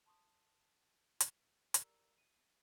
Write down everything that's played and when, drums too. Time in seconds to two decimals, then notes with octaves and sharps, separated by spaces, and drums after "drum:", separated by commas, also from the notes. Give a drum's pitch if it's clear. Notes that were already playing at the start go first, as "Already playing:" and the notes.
0.06 A5 C6 C#6 D#6
1.20 drum: hi-hat
1.74 G4 A#4 D5 A#5 E6, drum: hi-hat
2.18 D#7